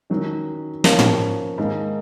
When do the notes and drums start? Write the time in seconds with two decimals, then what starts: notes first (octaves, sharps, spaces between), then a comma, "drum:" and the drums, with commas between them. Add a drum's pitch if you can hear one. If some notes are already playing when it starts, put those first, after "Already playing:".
0.10 D#3 F#3 C#4
0.84 F3 A#3 C#4, drum: snare
0.99 drum: tom
1.58 G#2 D#3 A#3